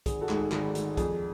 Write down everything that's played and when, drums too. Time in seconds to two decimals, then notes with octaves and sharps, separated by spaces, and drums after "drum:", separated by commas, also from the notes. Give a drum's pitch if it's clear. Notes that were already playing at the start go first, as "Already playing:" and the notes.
0.06 G#1 G#4, drum: kick B1, hi-hat
0.21 F#4 A4
0.29 G#2 G#3, drum: clap
0.36 G#4
0.52 G#1 G#4, drum: clap
0.75 G#2 G#3, drum: hi-hat
0.97 F2 G#4, drum: kick B1, hi-hat